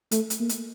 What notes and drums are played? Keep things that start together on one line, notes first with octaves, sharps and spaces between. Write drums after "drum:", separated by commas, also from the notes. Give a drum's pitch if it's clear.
A3, drum: hi-hat
drum: hi-hat
A#3
drum: hi-hat